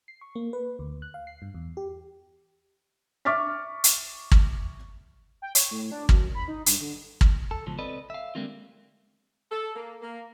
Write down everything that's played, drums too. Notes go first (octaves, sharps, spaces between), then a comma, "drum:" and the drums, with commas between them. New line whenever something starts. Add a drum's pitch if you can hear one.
C7
C#6
A#3
B4
D2
F#6
F5
C7
G2
E2
G4
E5 C#6 D6 F6 A6 B6
drum: hi-hat
drum: kick
G5
C#5, drum: hi-hat
A2
D4
F#2, drum: kick
B5
D#4
G2, drum: hi-hat
D3
drum: kick
A4
C#2 B2 F3
C4 A4 B4 D5 D#5
E5 F5
D3 G3 G#3 A#3 C4 F4
A4
A#3
A#3